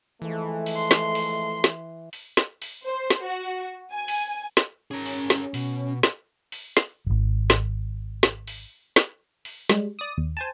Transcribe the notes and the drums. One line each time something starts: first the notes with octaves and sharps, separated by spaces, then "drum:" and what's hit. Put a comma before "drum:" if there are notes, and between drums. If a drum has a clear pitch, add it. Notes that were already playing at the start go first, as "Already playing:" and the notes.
E3 F3 G#3 A3
drum: open hi-hat
C6
drum: snare
drum: open hi-hat
drum: snare
drum: open hi-hat
drum: snare
drum: open hi-hat
C5
drum: snare
F#4
G#5
drum: open hi-hat
drum: snare
C#4 G#4 A#4
drum: open hi-hat
drum: snare
B2, drum: open hi-hat
drum: snare
drum: open hi-hat
drum: snare
D#1 G#1
drum: snare
drum: snare
drum: open hi-hat
drum: snare
drum: open hi-hat
G3 G#3, drum: snare
D5 D#6
D#2
C5 G#5 A5